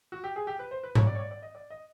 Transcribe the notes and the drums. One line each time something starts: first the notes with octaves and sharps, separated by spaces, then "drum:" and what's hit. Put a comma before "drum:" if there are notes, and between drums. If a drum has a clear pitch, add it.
F#4
G4
G#4
G4
B4
C5
B4
C#5, drum: tom G#2
D5
C#5
D5
D5
D#5
D5
D#5